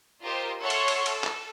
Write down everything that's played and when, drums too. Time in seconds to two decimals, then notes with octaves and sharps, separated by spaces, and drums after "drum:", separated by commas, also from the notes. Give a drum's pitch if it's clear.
0.24 F4 G4 A#4 C5 D#5
0.60 A4 C#5 E5 F#5 C6 C#6
0.70 drum: cymbal
0.88 drum: cymbal
1.06 A4, drum: cymbal
1.24 drum: clap